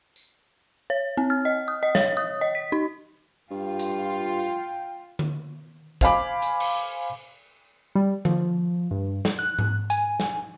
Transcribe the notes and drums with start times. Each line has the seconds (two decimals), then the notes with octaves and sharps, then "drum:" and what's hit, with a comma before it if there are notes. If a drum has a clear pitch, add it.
0.16 drum: tambourine
0.90 C#5
1.17 C4
1.30 F6
1.45 D#5
1.68 D#6
1.83 D#5
1.95 C#5, drum: snare
2.17 D#6
2.41 D#5
2.55 B6
2.72 D#4
3.51 G2 F4 G5
3.79 drum: hi-hat
5.19 drum: tom D3
6.01 C5 F5 G#5 B5 D6, drum: kick
6.42 drum: hi-hat
6.60 drum: cymbal
7.95 G3
8.25 F3, drum: tom D3
8.91 G2
9.25 drum: snare
9.39 F#6
9.59 drum: tom G#2
9.90 G#5, drum: hi-hat
10.20 drum: snare